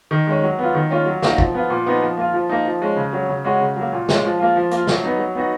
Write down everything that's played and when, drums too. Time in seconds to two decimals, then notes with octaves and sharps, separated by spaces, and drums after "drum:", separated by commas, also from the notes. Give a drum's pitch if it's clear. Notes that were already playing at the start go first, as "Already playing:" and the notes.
0.11 D#3
0.27 G#3 C#4
0.43 F#3
0.58 B3 F4
0.75 D#3
0.91 A#3 C#4 F4
1.06 F#3
1.22 A#3 D#4 F#4, drum: snare
1.38 F3, drum: kick
1.54 B3 F4
1.70 A#2
1.86 F3 B3 D#4
2.02 F3
2.17 A#3 F4
2.34 F3
2.49 A#3 D#4
2.66 F3
2.82 G#3 C#4
2.96 C#3
3.13 F#3 C#4
3.29 C#3
3.45 G#3 C#4 F#4
3.61 C#3
3.76 F#3 A#3
3.93 A#2
4.09 G#3 C#4, drum: snare
4.24 F3
4.40 A#3 F4
4.56 F3
4.71 A#3 F4, drum: hi-hat
4.87 F#3, drum: snare
5.03 B3 D#4
5.18 F#3
5.35 B3 D#4 F#4